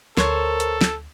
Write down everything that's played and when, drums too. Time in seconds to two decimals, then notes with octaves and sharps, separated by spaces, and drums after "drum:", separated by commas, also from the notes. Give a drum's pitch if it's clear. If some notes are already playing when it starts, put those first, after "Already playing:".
0.17 D2 A4 A#4 C5 C#5, drum: snare
0.60 drum: hi-hat
0.81 drum: snare